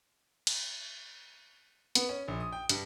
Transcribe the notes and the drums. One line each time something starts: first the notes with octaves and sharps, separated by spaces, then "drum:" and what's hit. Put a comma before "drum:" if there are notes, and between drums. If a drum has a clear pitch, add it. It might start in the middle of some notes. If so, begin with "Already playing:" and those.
drum: cymbal
B3, drum: hi-hat
C#4
A#1
D#6
G5
G2, drum: hi-hat